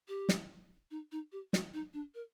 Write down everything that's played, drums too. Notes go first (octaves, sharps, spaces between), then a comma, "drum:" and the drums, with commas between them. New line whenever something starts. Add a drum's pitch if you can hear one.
G4
drum: snare
D#4
D#4
G4
F#4, drum: snare
D#4
D4
A#4